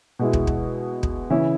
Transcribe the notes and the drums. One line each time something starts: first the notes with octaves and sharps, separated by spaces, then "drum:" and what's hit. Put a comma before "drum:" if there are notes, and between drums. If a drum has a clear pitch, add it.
B2 G#3 E4
drum: kick
drum: kick
drum: kick
C#3 E3 C#4 E4